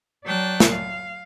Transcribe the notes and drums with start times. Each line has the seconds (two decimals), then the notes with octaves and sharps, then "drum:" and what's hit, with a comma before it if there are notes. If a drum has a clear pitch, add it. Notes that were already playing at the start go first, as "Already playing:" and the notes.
0.24 F#3 D5 G5 A5 F#6
0.60 drum: snare
0.70 F5